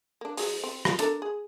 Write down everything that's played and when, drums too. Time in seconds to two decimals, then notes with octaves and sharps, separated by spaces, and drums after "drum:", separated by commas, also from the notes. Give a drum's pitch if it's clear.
0.21 A#3 D4
0.37 F#3 G#3, drum: open hi-hat
0.64 C4
0.85 F3 F4, drum: rim click
0.99 D4 A4 A#4, drum: hi-hat
1.22 G#4